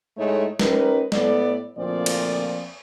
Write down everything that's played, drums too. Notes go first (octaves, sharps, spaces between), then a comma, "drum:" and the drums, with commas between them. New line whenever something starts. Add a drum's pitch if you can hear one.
A2 G#3 A3 D#4 C#5
C#4 D#4 G4 A#4 B4, drum: snare
A2 B3 A4 D5, drum: snare
D2 A#2 F3 C4 D5
drum: cymbal